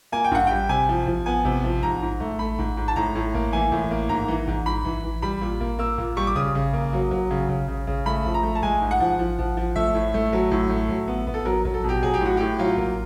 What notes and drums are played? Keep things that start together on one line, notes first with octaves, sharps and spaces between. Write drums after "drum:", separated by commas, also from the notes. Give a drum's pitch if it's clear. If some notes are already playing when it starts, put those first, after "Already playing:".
A#3 G#5
G5
G2 F#5, drum: kick A1
G3 G5
C3 G#5, drum: kick A1
F3
F3, drum: kick A1
B3 G#5
C3, drum: kick A1
F3
G#2 A#5, drum: kick A1
G#2
A3, drum: kick A1
A3 B5
G#2, drum: kick A1
G#2
A5
A2 A#5, drum: kick A1
A2
A#3, drum: kick A1
E3 G#5
A2, drum: kick A1
A#3
G#2 A#5, drum: kick A1
E3
G#2, drum: kick A1
G#2 B5
E3, drum: kick A1
E3
G3 B5, drum: kick A1
A#2
A#3, drum: kick A1
A#3 E6
A#2, drum: kick A1
G3 C#6
D6
C#3 D#6, drum: kick A1
C#3
A#3, drum: kick A1
F#3
F#3, drum: kick A1
C#3
C#3, drum: kick A1
C#3
C#3, drum: kick A1
A3 B5
F3, drum: kick A1
A#5
A3
A5
G#3 G#5, drum: kick A1
G#2
F#5
F3, drum: kick A1
F3
F3, drum: kick A1
F3
A3 E5, drum: kick A1
A2
A3, drum: kick A1
F#3
A2, drum: kick A1
A3
F#3, drum: kick A1
B3
B3, drum: kick A1
A4
F#3 A#4
F#3, drum: kick A1
A4
B2
G4
F#3 G#4, drum: kick A1
G4
A2 F#4
A2 G4
F#3 F4
A#3, drum: kick A1